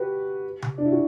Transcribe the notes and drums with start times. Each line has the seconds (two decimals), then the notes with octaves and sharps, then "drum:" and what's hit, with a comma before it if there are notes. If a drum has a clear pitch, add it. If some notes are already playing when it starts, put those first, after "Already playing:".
Already playing: F#4 G4 B4
0.62 drum: tom C3
0.78 D4
0.85 E4
0.92 F#4